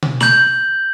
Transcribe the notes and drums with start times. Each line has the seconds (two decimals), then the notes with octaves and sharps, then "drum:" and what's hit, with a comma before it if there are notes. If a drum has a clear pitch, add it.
0.02 drum: tom B2
0.21 G6 F#7, drum: snare